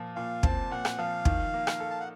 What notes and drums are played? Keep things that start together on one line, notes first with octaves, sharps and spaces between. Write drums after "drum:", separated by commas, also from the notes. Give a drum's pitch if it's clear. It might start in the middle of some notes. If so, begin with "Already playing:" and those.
Already playing: A#2 F3
A#2 F5
C4 A5, drum: kick
A#2 F#5
drum: rim click
F3 F5
D#3, drum: kick
A#3
drum: rim click
A4
A5
F#5